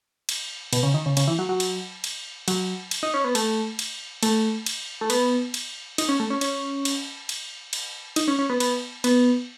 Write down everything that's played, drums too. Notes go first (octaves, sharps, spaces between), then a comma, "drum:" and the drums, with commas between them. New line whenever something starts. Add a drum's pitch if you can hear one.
drum: cymbal
B2, drum: cymbal
C#3
D#3
C#3
C#3, drum: cymbal
E3
F#3
F#3
drum: cymbal
drum: cymbal
F#3, drum: cymbal
drum: cymbal
D#4
C#4
B3
A3, drum: cymbal
drum: cymbal
A3, drum: cymbal
drum: cymbal
A3
B3, drum: cymbal
drum: cymbal
D#4, drum: cymbal
C#4
A3
C#4
C#4, drum: cymbal
drum: cymbal
drum: cymbal
drum: cymbal
D#4, drum: cymbal
C#4
C#4
B3
B3, drum: cymbal
B3, drum: cymbal